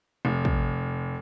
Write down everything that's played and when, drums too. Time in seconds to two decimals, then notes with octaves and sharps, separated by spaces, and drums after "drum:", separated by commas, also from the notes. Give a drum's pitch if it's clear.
0.25 F1
0.45 drum: kick